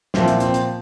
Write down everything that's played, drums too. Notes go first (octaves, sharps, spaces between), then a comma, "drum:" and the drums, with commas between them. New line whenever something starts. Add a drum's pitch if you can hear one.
A#2 F3 C4 E4, drum: snare
drum: hi-hat
C4, drum: hi-hat
drum: hi-hat